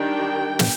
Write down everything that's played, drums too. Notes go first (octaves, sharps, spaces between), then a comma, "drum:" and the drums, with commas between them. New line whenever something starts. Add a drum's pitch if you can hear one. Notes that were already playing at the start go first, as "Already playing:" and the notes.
Already playing: D#3 G3 D4 G5
drum: snare